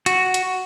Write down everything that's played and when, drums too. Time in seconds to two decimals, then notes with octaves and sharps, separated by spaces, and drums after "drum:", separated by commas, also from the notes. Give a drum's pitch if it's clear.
0.06 F#4, drum: hi-hat
0.34 drum: hi-hat